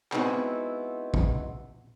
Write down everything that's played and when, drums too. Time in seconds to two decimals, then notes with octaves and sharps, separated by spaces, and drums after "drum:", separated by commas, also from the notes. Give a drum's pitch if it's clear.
0.12 G#3 B3 C4 D#4 E4 F#4, drum: clap
1.14 drum: kick